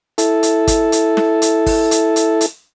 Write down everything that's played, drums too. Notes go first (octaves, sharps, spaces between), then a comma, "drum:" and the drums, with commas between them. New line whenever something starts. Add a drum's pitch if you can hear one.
E4 A4, drum: hi-hat
drum: hi-hat
drum: kick, hi-hat
drum: hi-hat
drum: snare
drum: hi-hat
drum: kick, open hi-hat
drum: hi-hat
drum: hi-hat
drum: hi-hat